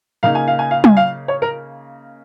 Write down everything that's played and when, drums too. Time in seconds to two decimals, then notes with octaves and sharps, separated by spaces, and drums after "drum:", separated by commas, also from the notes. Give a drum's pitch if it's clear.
0.23 C#3 A#3 D#4 F5
0.35 G#5
0.48 F5
0.59 G#5
0.71 F5
0.84 G#5, drum: tom
0.97 F5
1.28 C#5
1.42 A#4